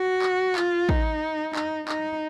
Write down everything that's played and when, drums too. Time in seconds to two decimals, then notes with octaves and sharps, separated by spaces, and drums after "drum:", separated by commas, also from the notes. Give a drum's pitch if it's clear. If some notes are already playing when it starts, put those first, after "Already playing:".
Already playing: F#4
0.22 drum: clap
0.56 F4, drum: clap
0.89 D#4, drum: kick
1.55 D#4, drum: clap
1.88 D#4, drum: clap